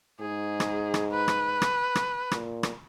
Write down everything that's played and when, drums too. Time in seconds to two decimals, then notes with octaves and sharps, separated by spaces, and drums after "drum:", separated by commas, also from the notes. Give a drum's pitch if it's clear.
0.21 G#2 G#4
0.60 drum: rim click
0.94 drum: rim click
1.11 B4
1.28 drum: rim click
1.62 drum: rim click
1.95 drum: rim click
2.31 A#2, drum: rim click
2.63 drum: rim click